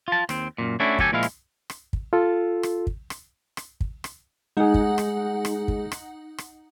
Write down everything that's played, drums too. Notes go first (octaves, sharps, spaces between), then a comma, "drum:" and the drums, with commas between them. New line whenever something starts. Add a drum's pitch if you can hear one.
F4 A5
D#2 C4, drum: rim click
F#2 A#2
A3 C#4 D4 E4 F#4
D2 F#3 G4 A4 G#5, drum: kick
A#2 F3 G#3 E4 F5
drum: rim click
drum: rim click
drum: kick
F4 A4
drum: rim click
drum: kick
drum: rim click
drum: rim click
drum: kick
drum: rim click
G#3 D#4 G#4 F#5
drum: kick
drum: rim click
drum: rim click
drum: kick
drum: rim click
drum: rim click